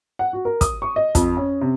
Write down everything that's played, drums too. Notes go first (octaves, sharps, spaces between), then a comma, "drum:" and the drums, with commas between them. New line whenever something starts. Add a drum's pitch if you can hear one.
F#5
F#4
A#4
D#6, drum: kick, hi-hat
C#6
D#5
F2, drum: kick, hi-hat
C#4
C3